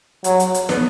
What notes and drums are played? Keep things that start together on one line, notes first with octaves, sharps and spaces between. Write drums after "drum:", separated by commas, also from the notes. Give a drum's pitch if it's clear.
F#3, drum: hi-hat
drum: hi-hat
drum: hi-hat
B3, drum: snare